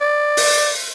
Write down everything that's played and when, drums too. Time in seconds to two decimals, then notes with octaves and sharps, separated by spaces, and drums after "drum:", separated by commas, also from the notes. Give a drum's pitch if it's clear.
0.01 D5
0.37 drum: open hi-hat